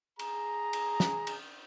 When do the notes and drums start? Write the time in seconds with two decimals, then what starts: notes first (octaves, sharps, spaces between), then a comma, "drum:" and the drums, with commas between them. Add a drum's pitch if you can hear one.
0.19 G#4 A#5, drum: cymbal
0.73 drum: cymbal
1.00 drum: snare
1.27 drum: cymbal